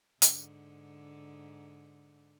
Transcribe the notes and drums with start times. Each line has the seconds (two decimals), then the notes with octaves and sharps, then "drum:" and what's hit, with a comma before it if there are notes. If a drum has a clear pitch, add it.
0.22 G#2 D3, drum: hi-hat